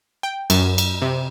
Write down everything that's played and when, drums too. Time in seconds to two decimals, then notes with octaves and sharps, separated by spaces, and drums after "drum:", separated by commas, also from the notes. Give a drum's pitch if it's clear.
0.23 G5
0.50 F#2, drum: cymbal
0.78 drum: cymbal
1.02 C3